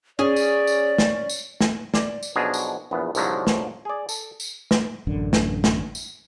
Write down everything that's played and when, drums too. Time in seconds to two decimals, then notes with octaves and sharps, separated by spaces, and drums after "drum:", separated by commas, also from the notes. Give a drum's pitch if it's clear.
0.19 C#4 G#4 D5
0.36 drum: tambourine
0.67 drum: tambourine
0.98 drum: snare
1.29 drum: tambourine
1.61 drum: snare
1.94 D5, drum: snare
2.23 drum: tambourine
2.36 B1 B2 F3 D4 G#4 A#5
2.54 drum: tambourine
2.91 A#1 E2 B3
3.15 C2 G#2 D3 F3 F#3, drum: tambourine
3.47 drum: snare
3.85 G#4 D5
4.09 A4, drum: tambourine
4.40 drum: tambourine
4.71 drum: snare
5.07 A1 F#2 D3
5.33 drum: snare
5.64 drum: snare
5.95 drum: tambourine